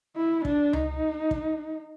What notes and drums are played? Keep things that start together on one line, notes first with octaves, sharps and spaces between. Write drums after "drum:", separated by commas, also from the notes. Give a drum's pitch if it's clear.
E4
D4, drum: kick
D#4, drum: tom C#2
drum: kick